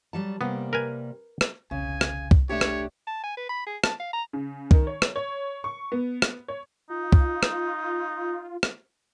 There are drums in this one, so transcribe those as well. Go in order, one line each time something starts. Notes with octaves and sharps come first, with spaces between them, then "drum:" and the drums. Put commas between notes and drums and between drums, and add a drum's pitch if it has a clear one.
F#3 G3 A5
C3 G3 A#3 B3
A#4 B4 G#5
drum: rim click
E1 C2 C#3 G#5
drum: rim click
drum: kick
A3 D4 G4 C#5
drum: rim click
A5
G#5
B4
B5
G#4
A5, drum: rim click
F5
A#5
C#3
D#3, drum: kick
C#5
drum: rim click
C#5
C#6
B3
drum: rim click
C#5
D#4 F4
drum: kick
drum: rim click
drum: rim click